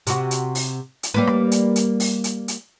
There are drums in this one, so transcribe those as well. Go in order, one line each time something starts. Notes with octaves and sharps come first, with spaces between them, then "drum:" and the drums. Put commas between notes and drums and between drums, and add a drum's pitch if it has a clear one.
C3 F#4, drum: hi-hat
drum: hi-hat
drum: open hi-hat
drum: hi-hat
G3 A#3 B4
drum: rim click
drum: hi-hat
drum: hi-hat
drum: open hi-hat
drum: hi-hat
drum: hi-hat